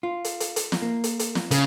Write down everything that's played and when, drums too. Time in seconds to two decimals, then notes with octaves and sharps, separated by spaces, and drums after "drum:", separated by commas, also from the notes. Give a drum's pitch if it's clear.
0.03 F4
0.25 drum: hi-hat
0.40 drum: hi-hat
0.56 drum: hi-hat
0.72 drum: snare
0.82 A#3
1.04 drum: hi-hat
1.19 drum: hi-hat
1.35 drum: snare
1.51 C#3, drum: hi-hat